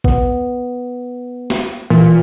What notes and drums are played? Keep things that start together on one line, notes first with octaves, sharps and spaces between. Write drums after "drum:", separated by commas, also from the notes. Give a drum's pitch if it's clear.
B3, drum: kick A1
drum: snare
A#2 E3